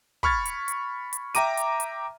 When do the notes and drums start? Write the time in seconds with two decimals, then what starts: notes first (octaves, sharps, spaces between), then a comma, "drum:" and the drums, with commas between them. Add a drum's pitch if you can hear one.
0.23 B5 C#6 F6 G#6 A6, drum: kick
0.45 drum: hi-hat
0.68 drum: hi-hat
1.13 drum: hi-hat
1.35 E5 G5 A#5 D6 D#7, drum: hi-hat
1.57 drum: hi-hat
1.80 drum: hi-hat